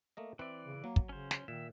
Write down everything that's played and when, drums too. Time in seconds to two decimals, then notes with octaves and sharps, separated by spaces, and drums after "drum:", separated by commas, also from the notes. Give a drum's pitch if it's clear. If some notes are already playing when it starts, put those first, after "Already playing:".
0.17 A3 A#3 D#5
0.39 E3 C4 B4 D5 E5
0.65 C#3
0.84 F#3 A#3
0.96 drum: kick
1.09 C#3 C#4 C5
1.31 drum: snare
1.48 A#2 D#3 E5